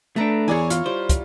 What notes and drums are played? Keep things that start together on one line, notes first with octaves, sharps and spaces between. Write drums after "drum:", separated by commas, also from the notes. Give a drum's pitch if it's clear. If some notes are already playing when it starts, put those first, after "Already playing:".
A3 D4 A4 B4 A#5
E2 E4 G#4 A#4 C#5 D5 G#5
F4, drum: hi-hat
G3 C5
drum: kick, hi-hat